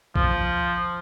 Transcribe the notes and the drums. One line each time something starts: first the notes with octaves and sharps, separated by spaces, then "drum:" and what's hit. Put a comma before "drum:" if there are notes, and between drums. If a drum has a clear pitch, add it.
F3, drum: kick A#1